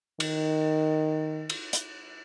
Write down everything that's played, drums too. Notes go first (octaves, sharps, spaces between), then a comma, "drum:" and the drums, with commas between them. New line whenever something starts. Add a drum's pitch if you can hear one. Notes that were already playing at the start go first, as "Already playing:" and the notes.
D#3, drum: cymbal
drum: cymbal
drum: hi-hat